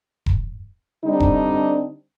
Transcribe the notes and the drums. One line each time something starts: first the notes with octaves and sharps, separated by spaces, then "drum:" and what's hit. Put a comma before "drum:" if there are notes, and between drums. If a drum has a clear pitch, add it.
drum: kick E1
D3 G3 C4 D4 D#4
drum: kick E1